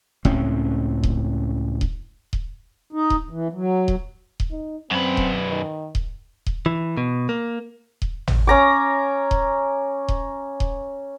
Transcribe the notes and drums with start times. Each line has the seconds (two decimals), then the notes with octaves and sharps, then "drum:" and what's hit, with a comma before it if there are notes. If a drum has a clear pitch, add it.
0.25 C#2 A2 C4 C#4, drum: kick D#1
1.03 drum: kick D#1
1.81 drum: kick D#1
2.33 drum: kick D#1
2.93 D#4
3.10 drum: kick D#1
3.30 E3
3.53 F#3
3.88 drum: kick D#1
4.40 drum: kick D#1
4.51 D#4
4.91 F#2 C4 B4
5.17 drum: kick D#1
5.49 D#3
5.95 drum: kick D#1
6.46 drum: kick D#1
6.66 E3
6.97 B2
7.29 A#3
8.02 drum: kick D#1
8.27 drum: tom G#1
8.47 C#4 A#5 D6
9.31 drum: kick D#1
10.08 drum: kick D#1
10.60 drum: kick D#1